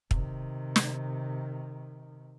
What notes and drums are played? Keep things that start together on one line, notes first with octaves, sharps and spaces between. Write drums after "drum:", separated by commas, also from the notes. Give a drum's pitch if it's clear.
C3 D#3, drum: kick
drum: snare